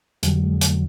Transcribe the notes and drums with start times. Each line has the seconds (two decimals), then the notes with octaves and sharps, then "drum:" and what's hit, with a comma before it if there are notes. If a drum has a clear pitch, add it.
0.23 F2 D3 F#3 G3, drum: hi-hat
0.42 G#3
0.61 A3, drum: hi-hat